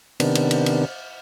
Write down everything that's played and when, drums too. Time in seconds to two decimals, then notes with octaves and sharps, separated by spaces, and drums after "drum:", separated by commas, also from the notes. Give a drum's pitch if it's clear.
0.20 C3 D#3 B3 D4, drum: cymbal
0.35 drum: cymbal
0.51 drum: cymbal
0.66 drum: cymbal